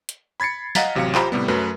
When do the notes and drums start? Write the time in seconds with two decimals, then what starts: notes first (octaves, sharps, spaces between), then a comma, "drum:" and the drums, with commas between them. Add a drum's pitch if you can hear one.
0.09 drum: hi-hat
0.40 B5 G#6 A6 C7 C#7
0.75 D#5 F5 F#5 A#5 A6 B6, drum: snare
0.95 A1 C3 F#3 F5 C#7
1.15 F4 G4 C5 A#5 B5, drum: clap
1.32 A2 C3 G3 B3
1.48 F#2 F#3 A3 A#4 B4